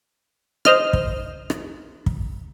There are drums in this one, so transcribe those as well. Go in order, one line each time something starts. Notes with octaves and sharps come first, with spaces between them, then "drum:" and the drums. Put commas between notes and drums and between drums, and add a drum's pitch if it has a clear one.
C5 D#5 F6, drum: rim click
drum: kick
drum: rim click
drum: kick